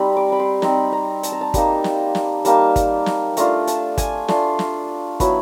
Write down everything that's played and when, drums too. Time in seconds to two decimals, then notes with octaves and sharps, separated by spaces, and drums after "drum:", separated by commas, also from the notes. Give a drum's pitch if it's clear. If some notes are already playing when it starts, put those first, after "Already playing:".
Already playing: G3 C4 D#4 B5
0.17 D6
0.32 B5
0.40 C6
0.62 G3 C4 D#4 B5, drum: snare
0.93 A#5
1.23 A5, drum: hi-hat
1.32 A#5
1.41 A5
1.54 G3 A#3 D#4, drum: kick, hi-hat
1.84 drum: snare
2.15 drum: snare
2.45 G3 A#3 D#4 A5, drum: hi-hat
2.76 drum: kick, hi-hat
3.06 drum: snare
3.37 A3 D4 F4 A#5, drum: hi-hat
3.67 A5, drum: hi-hat
3.98 G#5, drum: kick, hi-hat
4.28 A3 D4 F4 C6, drum: snare
4.59 drum: snare
5.20 F#3 B3 E4 B5, drum: kick, hi-hat